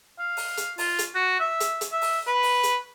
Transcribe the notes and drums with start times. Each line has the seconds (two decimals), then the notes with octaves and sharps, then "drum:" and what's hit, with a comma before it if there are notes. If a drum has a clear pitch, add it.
0.19 F5
0.37 drum: open hi-hat
0.57 drum: hi-hat
0.78 F4, drum: open hi-hat
0.99 drum: hi-hat
1.15 F#4
1.40 E5
1.60 drum: hi-hat
1.81 drum: hi-hat
1.92 E5
2.02 drum: open hi-hat
2.27 B4
2.43 drum: open hi-hat
2.63 drum: hi-hat